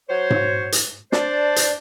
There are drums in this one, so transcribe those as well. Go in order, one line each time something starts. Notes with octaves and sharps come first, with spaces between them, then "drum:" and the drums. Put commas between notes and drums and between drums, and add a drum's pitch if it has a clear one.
F#3 C5 C#5
drum: tom G#2
drum: hi-hat
D4 C5 D5, drum: snare
drum: hi-hat